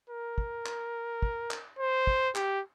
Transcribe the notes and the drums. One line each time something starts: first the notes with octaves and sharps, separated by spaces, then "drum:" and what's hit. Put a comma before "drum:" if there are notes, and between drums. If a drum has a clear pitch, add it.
A#4
drum: kick
drum: clap
drum: kick
drum: clap
C5
drum: kick
G4, drum: clap